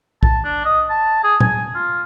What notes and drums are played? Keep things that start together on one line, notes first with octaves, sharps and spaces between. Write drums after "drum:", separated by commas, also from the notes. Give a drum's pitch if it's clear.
A5, drum: kick
D4
D#5
A5
G#4
G#5, drum: tom A#2
F4